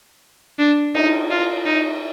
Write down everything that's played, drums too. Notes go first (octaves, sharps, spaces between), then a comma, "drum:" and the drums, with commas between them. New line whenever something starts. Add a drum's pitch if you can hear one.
D4
D#4, drum: cymbal
F4
D#4